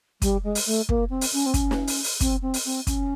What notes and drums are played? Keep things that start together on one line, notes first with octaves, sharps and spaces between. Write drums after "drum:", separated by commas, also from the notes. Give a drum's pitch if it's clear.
G3, drum: kick, hi-hat
G#3
drum: open hi-hat
A3
A#3, drum: kick
C4
drum: open hi-hat
C#4
C4
C#4, drum: kick, hi-hat
drum: snare
drum: open hi-hat
drum: open hi-hat
C4, drum: kick, hi-hat
C4
drum: open hi-hat
C4
C#4, drum: kick, hi-hat